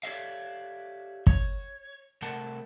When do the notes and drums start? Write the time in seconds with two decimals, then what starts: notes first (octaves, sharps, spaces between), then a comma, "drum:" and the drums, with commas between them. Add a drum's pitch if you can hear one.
0.03 G4 A4 C#5 D5 E5 F5
1.27 C#5, drum: kick
2.22 C3 G3 A3 A#4 F#5 A5